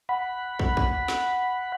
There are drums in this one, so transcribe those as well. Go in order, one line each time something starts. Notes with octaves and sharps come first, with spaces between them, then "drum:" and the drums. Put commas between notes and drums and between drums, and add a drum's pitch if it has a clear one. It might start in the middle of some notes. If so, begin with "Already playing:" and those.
F#5 B5
drum: kick
drum: kick
drum: snare